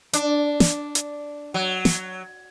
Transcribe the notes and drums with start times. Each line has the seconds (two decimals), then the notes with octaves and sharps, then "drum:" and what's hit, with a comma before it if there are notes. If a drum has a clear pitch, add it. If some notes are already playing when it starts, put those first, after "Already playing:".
0.13 D4, drum: hi-hat
0.60 drum: snare
0.95 drum: hi-hat
1.54 F#3
1.85 drum: snare